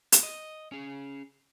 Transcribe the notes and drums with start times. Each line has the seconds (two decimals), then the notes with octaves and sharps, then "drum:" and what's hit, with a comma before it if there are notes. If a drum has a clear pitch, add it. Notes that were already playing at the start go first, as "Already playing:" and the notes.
0.12 drum: hi-hat
0.23 D#5
0.72 C#4 G#4